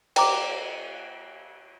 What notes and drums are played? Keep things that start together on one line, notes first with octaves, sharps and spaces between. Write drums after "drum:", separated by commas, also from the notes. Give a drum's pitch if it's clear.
G5 A#5 D6, drum: cymbal